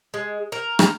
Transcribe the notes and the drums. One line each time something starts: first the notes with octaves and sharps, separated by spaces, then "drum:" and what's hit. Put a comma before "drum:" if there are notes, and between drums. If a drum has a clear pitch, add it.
G#3
A#4
drum: rim click